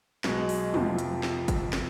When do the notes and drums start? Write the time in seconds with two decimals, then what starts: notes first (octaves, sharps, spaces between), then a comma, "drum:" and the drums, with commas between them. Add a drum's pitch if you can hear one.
0.24 B1 B2 G#3, drum: snare
0.49 drum: open hi-hat
0.74 F1 F2 C3 F3, drum: tom
0.99 drum: hi-hat
1.23 drum: snare
1.48 drum: kick G1, hi-hat
1.73 drum: snare